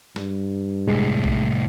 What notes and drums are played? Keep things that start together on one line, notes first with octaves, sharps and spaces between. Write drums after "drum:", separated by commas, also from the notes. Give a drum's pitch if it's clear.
G2, drum: snare
C2 A2 G#3
drum: kick A#1